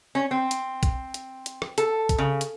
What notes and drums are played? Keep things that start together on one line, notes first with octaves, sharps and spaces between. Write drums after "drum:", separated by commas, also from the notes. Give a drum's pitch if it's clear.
C#4
C4
drum: hi-hat
drum: kick A#1, hi-hat
drum: hi-hat
drum: hi-hat
drum: rim click
A4, drum: hi-hat
drum: kick A#1, hi-hat
C#3
drum: hi-hat